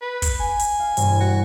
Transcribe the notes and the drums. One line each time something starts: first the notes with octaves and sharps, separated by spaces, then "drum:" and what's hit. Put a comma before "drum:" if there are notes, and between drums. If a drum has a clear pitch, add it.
B4
drum: kick, hi-hat
G#5
drum: hi-hat
F5
E1 G2, drum: hi-hat
F#4